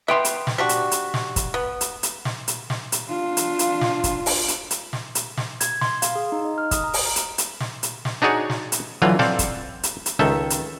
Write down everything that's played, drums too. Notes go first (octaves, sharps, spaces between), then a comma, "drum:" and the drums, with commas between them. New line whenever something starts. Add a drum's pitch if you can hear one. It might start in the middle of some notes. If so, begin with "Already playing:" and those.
B3 E5 G5 C6
drum: hi-hat
drum: snare
G3 D4 F#4
drum: hi-hat
drum: hi-hat
drum: snare
drum: kick, hi-hat
B3
drum: hi-hat
drum: hi-hat
drum: snare
drum: hi-hat
drum: snare
drum: hi-hat
D4 F4
drum: hi-hat
drum: hi-hat
drum: snare
drum: kick, hi-hat
drum: open hi-hat
drum: hi-hat
drum: hi-hat
drum: snare
drum: hi-hat
drum: snare
G#6, drum: hi-hat
C6, drum: snare
F5, drum: hi-hat
G#4
D#4
D#5
F6
D#6, drum: kick, hi-hat
A#5
drum: open hi-hat
drum: hi-hat
drum: hi-hat
drum: snare
drum: hi-hat
drum: snare
D4 D#4 F#4 G#4 C#5 D5
drum: snare
drum: hi-hat
D3 E3 F#3 F4
C4 A4 D5 F5, drum: snare
drum: kick, hi-hat
drum: hi-hat
drum: hi-hat
C#2 D#3 A4 E5
drum: hi-hat